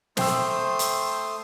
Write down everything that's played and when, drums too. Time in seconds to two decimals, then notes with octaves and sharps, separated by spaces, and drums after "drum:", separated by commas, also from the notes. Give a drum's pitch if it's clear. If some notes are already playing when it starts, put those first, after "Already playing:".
0.17 A3 C5 G5 C6 D#6 E6, drum: snare
0.79 drum: hi-hat